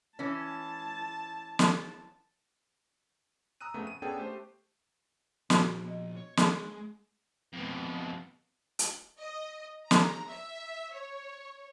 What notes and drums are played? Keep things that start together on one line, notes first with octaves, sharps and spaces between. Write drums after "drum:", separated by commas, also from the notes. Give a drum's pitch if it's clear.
E3 C#4 A5
drum: snare
A#5 D#6 E6 F#6 D#7
F2 C#3 A3 B3
D#7
B3 C#4 D4 G#4 A4 G5
A3 G4 C5
A#2 F3 B3 F#4, drum: snare
D#5
C#5
G#3 G#4 B5, drum: snare
F2 B2
drum: hi-hat
D#5
A#5, drum: snare
E5
C#5